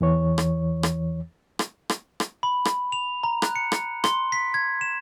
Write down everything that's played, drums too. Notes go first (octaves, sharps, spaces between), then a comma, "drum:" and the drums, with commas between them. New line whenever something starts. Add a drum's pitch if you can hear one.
E2 E3 C#5
drum: rim click
drum: rim click
drum: rim click
drum: rim click
drum: rim click
B5
drum: rim click
F7
A#5
F#6, drum: rim click
C#7
drum: rim click
C6, drum: rim click
B6
G#6
E7